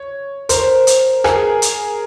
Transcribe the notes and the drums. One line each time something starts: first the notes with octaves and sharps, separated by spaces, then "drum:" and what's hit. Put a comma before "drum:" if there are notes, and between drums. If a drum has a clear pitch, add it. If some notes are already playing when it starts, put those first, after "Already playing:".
Already playing: C#5
A#4 C5, drum: hi-hat
drum: hi-hat
G#4 A#4, drum: rim click
drum: hi-hat